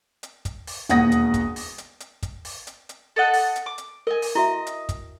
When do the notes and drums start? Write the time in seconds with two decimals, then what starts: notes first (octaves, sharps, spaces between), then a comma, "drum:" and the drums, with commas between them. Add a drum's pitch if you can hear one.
0.23 drum: hi-hat
0.45 drum: kick, hi-hat
0.67 drum: open hi-hat
0.89 E1 D#2 F#5 D#6 A#6, drum: hi-hat
1.12 drum: hi-hat
1.34 drum: kick, hi-hat
1.56 drum: open hi-hat
1.78 drum: hi-hat
2.00 drum: hi-hat
2.23 drum: kick, hi-hat
2.45 drum: open hi-hat
2.67 drum: hi-hat
2.89 drum: hi-hat
3.16 A4 D#5 F#5
3.33 drum: open hi-hat
3.56 drum: hi-hat
3.66 D6
3.78 drum: hi-hat
4.07 A#4 D#5 G#5
4.22 drum: open hi-hat
4.35 E4 F#4 D#5 E5
4.67 drum: hi-hat
4.89 drum: kick, hi-hat